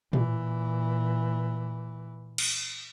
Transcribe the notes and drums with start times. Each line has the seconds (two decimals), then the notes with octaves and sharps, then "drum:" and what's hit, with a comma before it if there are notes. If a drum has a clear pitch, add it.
0.13 A#2 E3, drum: tom A2
2.38 drum: cymbal